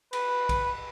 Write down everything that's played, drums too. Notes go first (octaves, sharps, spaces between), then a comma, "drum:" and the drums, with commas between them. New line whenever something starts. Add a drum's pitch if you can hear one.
B4, drum: cymbal
drum: kick B1, cymbal